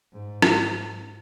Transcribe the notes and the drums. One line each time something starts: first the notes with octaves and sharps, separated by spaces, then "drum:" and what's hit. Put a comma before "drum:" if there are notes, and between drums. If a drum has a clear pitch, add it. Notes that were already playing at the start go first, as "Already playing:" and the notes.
G#2
drum: rim click